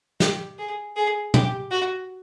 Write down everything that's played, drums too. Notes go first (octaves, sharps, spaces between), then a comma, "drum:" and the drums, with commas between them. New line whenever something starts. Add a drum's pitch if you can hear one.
G4, drum: snare
G#4
G#4
G4, drum: tom
F#4